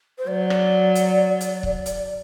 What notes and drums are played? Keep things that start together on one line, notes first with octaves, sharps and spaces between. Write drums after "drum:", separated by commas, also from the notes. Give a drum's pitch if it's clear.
C5
F#3 D5
drum: rim click
drum: hi-hat
drum: hi-hat
drum: kick
drum: hi-hat